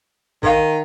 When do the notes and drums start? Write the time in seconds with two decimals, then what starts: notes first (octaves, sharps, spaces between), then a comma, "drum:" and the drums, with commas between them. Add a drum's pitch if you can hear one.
0.43 D#3 A#4 F5, drum: kick A#1